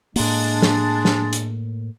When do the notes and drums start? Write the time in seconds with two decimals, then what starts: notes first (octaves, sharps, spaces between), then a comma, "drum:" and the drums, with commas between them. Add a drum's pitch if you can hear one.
0.16 A2 G#3 A#3 D4, drum: open hi-hat
0.62 drum: snare
1.05 drum: snare
1.33 drum: hi-hat